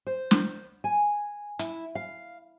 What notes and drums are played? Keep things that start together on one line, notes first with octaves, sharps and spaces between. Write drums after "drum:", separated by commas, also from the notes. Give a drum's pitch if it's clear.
C5
drum: snare
G#5
E4, drum: hi-hat
F5